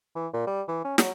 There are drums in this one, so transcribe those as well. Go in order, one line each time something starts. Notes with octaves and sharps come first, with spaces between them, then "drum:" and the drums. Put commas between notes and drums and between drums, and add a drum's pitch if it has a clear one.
E3
A#2
G3
E3
C#4
F#3, drum: snare